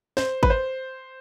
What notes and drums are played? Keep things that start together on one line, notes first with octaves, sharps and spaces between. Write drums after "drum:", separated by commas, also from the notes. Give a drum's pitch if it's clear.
C5, drum: snare
B4, drum: kick G#1
C5